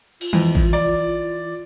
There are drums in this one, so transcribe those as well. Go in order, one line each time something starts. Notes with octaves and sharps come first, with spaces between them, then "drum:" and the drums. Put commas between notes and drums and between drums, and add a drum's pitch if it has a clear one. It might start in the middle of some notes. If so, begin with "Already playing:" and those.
F4, drum: cymbal
F2 E3
drum: kick A1
D5